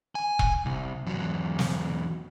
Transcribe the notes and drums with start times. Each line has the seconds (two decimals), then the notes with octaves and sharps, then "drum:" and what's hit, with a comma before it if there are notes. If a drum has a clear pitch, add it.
0.15 G#5
0.39 drum: kick E1
0.66 C2
1.06 E2 F#3
1.59 drum: snare